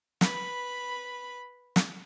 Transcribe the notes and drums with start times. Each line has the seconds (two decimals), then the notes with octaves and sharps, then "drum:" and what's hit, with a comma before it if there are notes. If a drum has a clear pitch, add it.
0.21 B4 B5, drum: snare
1.76 drum: snare